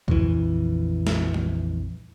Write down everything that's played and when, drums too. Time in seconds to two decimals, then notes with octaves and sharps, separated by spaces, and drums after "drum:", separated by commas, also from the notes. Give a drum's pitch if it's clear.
0.08 A#1 F2 E3, drum: kick C2
1.07 drum: snare
1.34 drum: tom G3